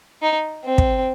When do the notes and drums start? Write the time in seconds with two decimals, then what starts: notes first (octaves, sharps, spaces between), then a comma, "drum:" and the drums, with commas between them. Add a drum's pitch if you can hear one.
0.22 D#4
0.64 C4
0.78 drum: kick